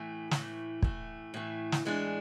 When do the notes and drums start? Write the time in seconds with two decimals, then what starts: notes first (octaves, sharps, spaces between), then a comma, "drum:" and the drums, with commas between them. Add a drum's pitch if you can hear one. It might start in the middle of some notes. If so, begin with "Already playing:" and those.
Already playing: A2 E3 A3
0.31 A2 E3 A3, drum: snare
0.82 A2 E3 A3, drum: kick
1.34 A2 E3 A3
1.72 drum: snare
1.85 A2 E3 G#3 D4